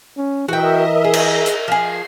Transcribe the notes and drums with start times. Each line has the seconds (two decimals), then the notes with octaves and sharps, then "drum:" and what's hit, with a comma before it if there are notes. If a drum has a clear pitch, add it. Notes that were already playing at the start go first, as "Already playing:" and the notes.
0.17 C#4
0.48 E3 F#4 A#4 D#5 E5 G5
1.04 G#4
1.14 drum: cymbal
1.46 drum: hi-hat
1.68 F3 G#4 C7